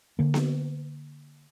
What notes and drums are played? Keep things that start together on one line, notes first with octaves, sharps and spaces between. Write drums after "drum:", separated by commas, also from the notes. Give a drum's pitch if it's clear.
D3 A#3
drum: snare B3